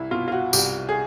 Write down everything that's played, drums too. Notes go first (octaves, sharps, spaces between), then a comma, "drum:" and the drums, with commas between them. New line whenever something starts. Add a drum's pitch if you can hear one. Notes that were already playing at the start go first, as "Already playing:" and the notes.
Already playing: C2 E4
B2 F4
F4
F#4
C2 G4, drum: tambourine
G#4